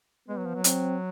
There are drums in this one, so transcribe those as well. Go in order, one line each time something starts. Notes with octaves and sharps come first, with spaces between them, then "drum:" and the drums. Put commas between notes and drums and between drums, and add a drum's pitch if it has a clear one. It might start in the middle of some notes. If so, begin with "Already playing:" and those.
G#3 B3
F#3
F3
F#3
C4, drum: hi-hat